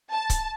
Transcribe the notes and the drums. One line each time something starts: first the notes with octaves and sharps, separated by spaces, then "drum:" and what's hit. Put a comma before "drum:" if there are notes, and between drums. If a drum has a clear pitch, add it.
A5
drum: kick C#1, hi-hat